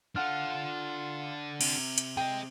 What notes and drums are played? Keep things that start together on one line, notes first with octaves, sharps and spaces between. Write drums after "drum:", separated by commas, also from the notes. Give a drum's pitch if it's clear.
D4 F4 A4 F#5 F6
C3, drum: cymbal
drum: hi-hat
G#4 D#5 G5